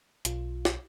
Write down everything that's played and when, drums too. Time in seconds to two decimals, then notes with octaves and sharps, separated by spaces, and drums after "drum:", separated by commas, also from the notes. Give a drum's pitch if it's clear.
0.25 B1 F4, drum: hi-hat
0.65 drum: snare